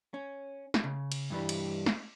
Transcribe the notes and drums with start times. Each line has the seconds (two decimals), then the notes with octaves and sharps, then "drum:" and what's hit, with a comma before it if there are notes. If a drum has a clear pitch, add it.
0.14 C#4
0.74 drum: snare
0.84 C#3
1.12 drum: cymbal
1.30 G2 E3 G3
1.49 drum: cymbal
1.86 drum: snare